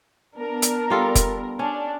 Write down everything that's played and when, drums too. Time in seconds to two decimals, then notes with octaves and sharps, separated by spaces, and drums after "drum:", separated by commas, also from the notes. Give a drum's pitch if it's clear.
0.36 B3 D4 A#4
0.62 drum: hi-hat
0.90 G3 F4 A4
1.15 drum: kick F1, hi-hat
1.59 C#4 D4